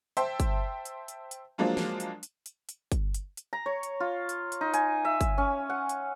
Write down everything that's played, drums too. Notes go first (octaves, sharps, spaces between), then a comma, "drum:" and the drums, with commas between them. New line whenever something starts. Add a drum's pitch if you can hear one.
C5 E5 G5 A5 C6, drum: hi-hat
drum: kick G1, hi-hat
drum: hi-hat
drum: hi-hat
drum: hi-hat
F3 F#3 G#3 A#3 D4 F4
drum: snare
drum: hi-hat
drum: hi-hat
drum: hi-hat
drum: hi-hat
drum: kick G1, hi-hat
drum: hi-hat
drum: hi-hat
A#5
C#5
drum: hi-hat
F4
drum: hi-hat
drum: hi-hat
D#4
G#5, drum: hi-hat
E5
drum: kick G1, hi-hat
C#4
F#5
drum: hi-hat